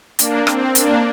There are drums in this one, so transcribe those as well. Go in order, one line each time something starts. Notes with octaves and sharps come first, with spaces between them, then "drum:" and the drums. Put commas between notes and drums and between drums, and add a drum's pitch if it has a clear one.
A#3 D4, drum: hi-hat
C4, drum: rim click
A#3 D4, drum: hi-hat